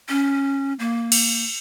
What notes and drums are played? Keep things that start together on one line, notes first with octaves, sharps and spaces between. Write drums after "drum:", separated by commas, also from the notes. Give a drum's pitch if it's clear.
C#4
A#3
drum: cymbal